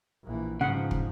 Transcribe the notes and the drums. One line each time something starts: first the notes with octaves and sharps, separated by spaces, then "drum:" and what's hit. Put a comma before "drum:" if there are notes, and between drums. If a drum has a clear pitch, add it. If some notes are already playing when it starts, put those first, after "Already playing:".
A#1 E3
G#2 C#3 F3 F#5
drum: kick